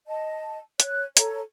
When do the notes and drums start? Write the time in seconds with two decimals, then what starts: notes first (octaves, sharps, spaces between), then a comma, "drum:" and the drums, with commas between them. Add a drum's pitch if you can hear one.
0.06 D#5 A5
0.80 C#5 F#6, drum: hi-hat
1.17 A4 C#5 A#5, drum: hi-hat